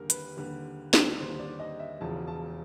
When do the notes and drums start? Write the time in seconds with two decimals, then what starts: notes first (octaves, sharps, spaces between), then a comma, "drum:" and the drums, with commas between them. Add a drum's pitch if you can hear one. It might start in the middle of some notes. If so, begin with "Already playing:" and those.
Already playing: D#2 D3 G3 G#4 A#4
0.10 B4, drum: hi-hat
0.37 D#2 D3 G3 B4
0.94 drum: snare
1.18 D#2 D3 G3 C5
1.39 D5
1.60 D#5
1.80 E5
2.01 E1 E2 C#3 F3 G#3 A5
2.27 A5